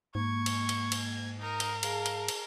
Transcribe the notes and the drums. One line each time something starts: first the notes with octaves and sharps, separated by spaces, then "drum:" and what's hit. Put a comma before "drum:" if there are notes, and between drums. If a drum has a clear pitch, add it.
G#2 A#3 C#6 G#6
drum: cymbal
drum: cymbal
drum: cymbal
D#4 A#4
drum: cymbal
G#4 F5 A5, drum: cymbal
drum: cymbal
drum: cymbal